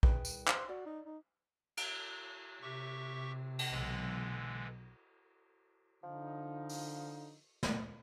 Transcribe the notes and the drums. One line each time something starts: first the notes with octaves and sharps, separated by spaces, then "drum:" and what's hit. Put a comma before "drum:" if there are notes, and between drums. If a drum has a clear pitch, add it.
G#4 B4 G5, drum: kick A#1
C2, drum: tambourine
C5, drum: clap
F#4 D5
D#4
D#4
drum: cymbal
C3 G4 E5 C#6
drum: cymbal
B1 D3 E3 G#3
D3 F3 D#4
drum: open hi-hat
drum: snare